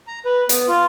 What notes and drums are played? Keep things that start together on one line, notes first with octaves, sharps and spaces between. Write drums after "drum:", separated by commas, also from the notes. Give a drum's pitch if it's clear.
A#5
B4
B3, drum: hi-hat
F4